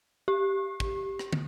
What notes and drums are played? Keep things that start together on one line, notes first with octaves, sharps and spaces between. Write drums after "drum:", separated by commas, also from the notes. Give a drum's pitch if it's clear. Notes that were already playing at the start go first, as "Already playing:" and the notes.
G4
drum: kick
drum: rim click
drum: tom